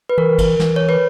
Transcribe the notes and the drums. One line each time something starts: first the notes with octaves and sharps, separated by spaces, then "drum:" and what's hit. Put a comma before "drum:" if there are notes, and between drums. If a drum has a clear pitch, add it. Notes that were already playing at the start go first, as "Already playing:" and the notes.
B4
E3 A#4
drum: kick G#1, cymbal
E3, drum: snare
C#5
B4